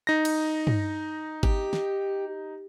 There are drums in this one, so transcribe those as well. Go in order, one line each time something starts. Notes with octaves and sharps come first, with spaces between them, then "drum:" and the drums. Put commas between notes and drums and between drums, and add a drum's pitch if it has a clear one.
D#4 A#6
drum: cymbal
drum: tom
G4, drum: kick G#1
drum: snare